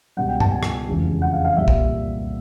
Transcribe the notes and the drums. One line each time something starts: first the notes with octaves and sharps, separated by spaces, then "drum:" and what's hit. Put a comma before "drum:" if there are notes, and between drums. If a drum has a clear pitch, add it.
C#2 B2 G3 F#5
G5
A5, drum: tom G2
G#5
drum: rim click
F1 E2 C#3 F3 G#3
F#5
F5
F5
C2 A#2 G3 E5
drum: kick